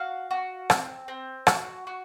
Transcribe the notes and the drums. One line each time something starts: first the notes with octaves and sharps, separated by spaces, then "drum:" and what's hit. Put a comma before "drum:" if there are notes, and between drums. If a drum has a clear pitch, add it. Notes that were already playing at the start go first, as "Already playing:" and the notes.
Already playing: F#4 F5
F#4
C4, drum: rim click
C4
F#4, drum: rim click
F#4